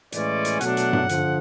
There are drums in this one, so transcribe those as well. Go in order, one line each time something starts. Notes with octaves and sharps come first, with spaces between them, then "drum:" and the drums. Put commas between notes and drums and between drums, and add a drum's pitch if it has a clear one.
A2 E3 G#3 C#4 D5, drum: hi-hat
drum: hi-hat
B2 F#3 A3 D4 F#5, drum: hi-hat
drum: hi-hat
drum: tom G2
D3 F3, drum: hi-hat